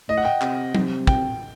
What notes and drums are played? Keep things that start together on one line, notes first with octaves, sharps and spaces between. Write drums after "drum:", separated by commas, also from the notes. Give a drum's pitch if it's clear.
A2 D#5
F#5
G5
C3, drum: clap
C3, drum: tom F#3
G5, drum: kick